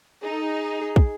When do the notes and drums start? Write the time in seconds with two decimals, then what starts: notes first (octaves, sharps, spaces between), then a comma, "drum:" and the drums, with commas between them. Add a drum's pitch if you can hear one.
0.23 D#4 G#4
0.33 A4
0.43 G#4
0.81 G#4
0.96 drum: kick